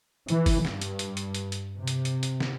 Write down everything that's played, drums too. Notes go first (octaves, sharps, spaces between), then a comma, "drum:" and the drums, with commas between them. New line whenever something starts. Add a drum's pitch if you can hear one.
E3, drum: hi-hat
drum: kick, open hi-hat
G2, drum: snare
drum: hi-hat
drum: hi-hat
drum: hi-hat
drum: hi-hat
drum: hi-hat
C3
drum: hi-hat
drum: hi-hat
drum: hi-hat
drum: snare